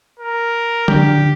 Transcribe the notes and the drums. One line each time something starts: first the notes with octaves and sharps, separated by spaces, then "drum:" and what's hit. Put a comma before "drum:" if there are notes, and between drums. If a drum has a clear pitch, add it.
A#4
D3 G4, drum: tom